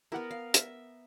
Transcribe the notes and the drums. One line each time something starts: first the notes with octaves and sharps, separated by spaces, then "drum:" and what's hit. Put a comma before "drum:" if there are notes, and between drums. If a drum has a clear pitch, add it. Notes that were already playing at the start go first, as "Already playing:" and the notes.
B3 E4 G4 A#4 F#5
F5
E5, drum: hi-hat